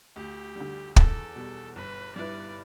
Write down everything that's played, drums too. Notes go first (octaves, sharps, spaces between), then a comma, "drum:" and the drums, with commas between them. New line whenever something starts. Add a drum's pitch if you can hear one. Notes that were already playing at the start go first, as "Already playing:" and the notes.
D2 G4
D3 G3
E2 A4, drum: kick
B2 G3
G1 B4
G2 G3 E4 B4 D5